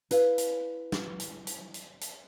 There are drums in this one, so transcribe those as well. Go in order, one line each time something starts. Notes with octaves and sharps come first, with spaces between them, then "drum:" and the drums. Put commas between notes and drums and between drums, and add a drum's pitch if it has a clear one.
E4 B4 F5, drum: hi-hat
drum: hi-hat
drum: snare
drum: hi-hat
drum: hi-hat
drum: hi-hat
drum: hi-hat